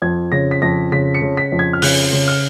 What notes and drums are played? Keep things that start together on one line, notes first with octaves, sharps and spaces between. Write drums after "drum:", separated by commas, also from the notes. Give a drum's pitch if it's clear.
F2 G#6
C#3 A#6
B6
F2 A#6
C#3 B6
C#7
C#3
B6
F2
G#6
F6
C#3 F#6, drum: open hi-hat
C#3
F6